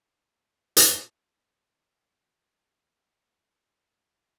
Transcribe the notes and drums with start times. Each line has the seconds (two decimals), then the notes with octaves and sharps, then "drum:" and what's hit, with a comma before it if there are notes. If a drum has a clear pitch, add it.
0.22 G4
0.77 drum: hi-hat
2.92 A4
3.83 D4
4.05 D4